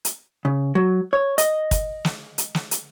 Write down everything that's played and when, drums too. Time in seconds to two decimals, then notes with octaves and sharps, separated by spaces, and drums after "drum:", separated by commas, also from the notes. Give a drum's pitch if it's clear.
0.05 drum: hi-hat
0.45 C#3
0.75 F#3
1.13 C#5
1.38 D#5, drum: hi-hat
1.71 drum: kick, hi-hat
2.05 drum: snare
2.38 drum: hi-hat
2.55 drum: snare
2.71 drum: hi-hat